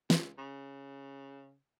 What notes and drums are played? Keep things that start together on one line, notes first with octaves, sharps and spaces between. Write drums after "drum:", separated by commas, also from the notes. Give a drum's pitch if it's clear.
C#2, drum: snare
C#3